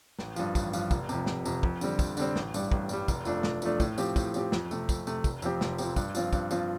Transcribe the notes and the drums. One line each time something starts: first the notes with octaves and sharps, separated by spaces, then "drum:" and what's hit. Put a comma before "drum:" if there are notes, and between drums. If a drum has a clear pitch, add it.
A1, drum: snare
G2 F3, drum: tambourine
A1, drum: kick, tambourine
G2 F3, drum: tambourine
F1, drum: kick, tambourine
F2 C3, drum: tambourine
F1, drum: snare
F2 C3, drum: tambourine
F2, drum: kick
D3 G3 C4, drum: tambourine
F2, drum: kick, tambourine
D3 G3 C4, drum: tambourine
A1, drum: snare
G2 G3, drum: tambourine
A1, drum: kick
G2 G3, drum: tambourine
F1, drum: kick, tambourine
F2 F3 A3 D4, drum: tambourine
F1, drum: snare
F2 F3 A3 D4, drum: tambourine
A2, drum: kick, tambourine
F3 C4 G4, drum: tambourine
A2, drum: kick, tambourine
F3 C4 G4, drum: tambourine
F2, drum: snare
C3 A3, drum: tambourine
F2, drum: kick, tambourine
C3 A3, drum: tambourine
F1, drum: kick, tambourine
F2 F3 C4 G4, drum: tambourine
F1, drum: snare
F2 F3 C4 G4, drum: tambourine
G2, drum: kick, tambourine
F3 C4 F4, drum: tambourine
G2, drum: kick, tambourine
F3 C4 F4, drum: tambourine